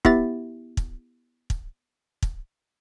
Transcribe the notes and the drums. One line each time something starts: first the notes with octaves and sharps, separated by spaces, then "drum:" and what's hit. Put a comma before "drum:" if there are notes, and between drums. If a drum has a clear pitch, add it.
B3 E4 G4 E5 A6, drum: kick
drum: kick
drum: kick
drum: kick